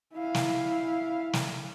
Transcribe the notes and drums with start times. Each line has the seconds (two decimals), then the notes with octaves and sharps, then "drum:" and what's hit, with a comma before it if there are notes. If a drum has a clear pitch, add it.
0.15 E4 F5
0.34 drum: snare
1.33 drum: snare